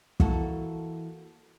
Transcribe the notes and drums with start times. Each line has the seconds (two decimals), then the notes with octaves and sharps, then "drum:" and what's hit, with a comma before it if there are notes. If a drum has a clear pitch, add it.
0.20 E3 A#3 E4 F#4 A4, drum: kick